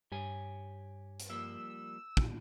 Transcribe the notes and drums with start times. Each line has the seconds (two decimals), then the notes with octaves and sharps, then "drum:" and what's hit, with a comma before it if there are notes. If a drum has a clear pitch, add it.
0.12 G2 G4 C#5 G#5
1.20 drum: hi-hat
1.30 F3 G3 A#3 E6
2.17 drum: kick